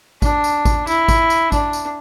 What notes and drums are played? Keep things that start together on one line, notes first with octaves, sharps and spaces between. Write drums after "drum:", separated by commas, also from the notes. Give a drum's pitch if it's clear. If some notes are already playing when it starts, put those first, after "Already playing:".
D4, drum: kick G#1, tambourine
drum: tambourine
drum: kick G#1, tambourine
E4, drum: tambourine
drum: kick G#1, tambourine
drum: tambourine
D4, drum: kick G#1, tambourine
drum: tambourine